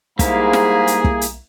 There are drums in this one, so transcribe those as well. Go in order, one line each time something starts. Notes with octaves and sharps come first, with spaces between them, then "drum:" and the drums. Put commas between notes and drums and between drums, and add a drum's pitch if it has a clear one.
G#2 G3 A#3 E4 G#4 F5 A#5, drum: kick, hi-hat
drum: snare
drum: hi-hat
drum: kick
drum: hi-hat